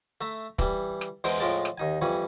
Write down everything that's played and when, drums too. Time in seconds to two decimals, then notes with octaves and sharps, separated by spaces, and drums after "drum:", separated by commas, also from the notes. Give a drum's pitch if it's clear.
0.21 A3 E5 A#5
0.59 E3 G3, drum: kick, hi-hat
1.01 drum: rim click
1.24 E2 G#3 C5 D#6, drum: open hi-hat
1.40 A2 F3 G#3 A5
1.65 drum: rim click
1.78 D#2 D#4 G#5
2.01 F2 E3 G3 G#5 C#6